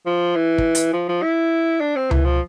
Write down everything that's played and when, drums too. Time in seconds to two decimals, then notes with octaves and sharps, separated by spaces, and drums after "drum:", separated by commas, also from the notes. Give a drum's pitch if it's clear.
0.06 F3
0.36 E3
0.58 drum: kick
0.75 drum: hi-hat
0.93 F3
1.09 F3
1.22 E4
1.81 D4
1.96 C4
2.11 E3, drum: tom C#2
2.25 F3